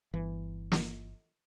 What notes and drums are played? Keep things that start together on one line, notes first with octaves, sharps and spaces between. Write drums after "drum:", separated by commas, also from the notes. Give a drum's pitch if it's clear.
G1 E3
drum: snare